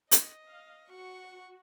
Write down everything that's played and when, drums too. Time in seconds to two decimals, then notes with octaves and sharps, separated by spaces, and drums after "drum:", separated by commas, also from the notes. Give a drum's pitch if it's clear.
0.11 D#5, drum: hi-hat
0.48 F5
0.88 F#4 F#5 C#6